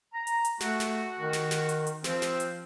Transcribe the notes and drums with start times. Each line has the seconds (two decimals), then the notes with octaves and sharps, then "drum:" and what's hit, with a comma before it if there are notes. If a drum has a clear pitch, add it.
0.13 A#5
0.27 drum: hi-hat
0.45 drum: hi-hat
0.61 A3 F#4, drum: snare
0.80 drum: snare
1.19 D#3
1.33 drum: snare
1.51 drum: snare
1.69 drum: hi-hat
1.87 drum: hi-hat
2.04 F3 C4, drum: snare
2.22 drum: snare
2.40 drum: hi-hat